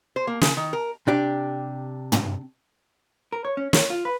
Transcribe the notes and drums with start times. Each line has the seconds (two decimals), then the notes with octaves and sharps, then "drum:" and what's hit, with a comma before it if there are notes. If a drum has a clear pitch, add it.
0.16 C5
0.27 A#3
0.41 C#3, drum: snare
0.57 D#3
0.73 A#4
1.07 C3 D4 G4
2.12 drum: tom
3.32 A#4
3.45 C#5
3.57 C#4
3.73 C#5, drum: snare
3.90 F4
4.05 B4